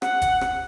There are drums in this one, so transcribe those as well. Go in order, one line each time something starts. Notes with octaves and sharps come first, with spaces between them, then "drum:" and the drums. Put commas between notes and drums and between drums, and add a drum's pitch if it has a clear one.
F#5, drum: rim click
drum: kick F#1, hi-hat
drum: rim click